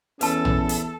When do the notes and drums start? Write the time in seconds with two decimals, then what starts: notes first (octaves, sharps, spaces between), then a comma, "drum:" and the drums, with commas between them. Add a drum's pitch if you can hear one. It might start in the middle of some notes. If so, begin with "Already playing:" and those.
0.21 E2 C#4 A4 B4 A5, drum: hi-hat
0.45 drum: tom A#1
0.69 drum: hi-hat